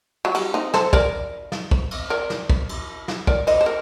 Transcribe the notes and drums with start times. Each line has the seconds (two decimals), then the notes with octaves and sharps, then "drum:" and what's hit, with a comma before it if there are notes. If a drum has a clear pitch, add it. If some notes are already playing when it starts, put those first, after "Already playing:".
0.25 F#3
0.35 G3, drum: cymbal
0.54 C4 D#4
0.74 A4 C5, drum: snare
0.93 A#4 D5, drum: kick
1.52 drum: snare
1.71 drum: kick
1.91 drum: cymbal
2.10 A#4 D5
2.30 drum: snare
2.50 drum: kick
2.69 drum: cymbal
3.08 drum: snare
3.27 A#4 D5, drum: kick
3.47 C5 D#5, drum: cymbal
3.61 C5
3.66 A#4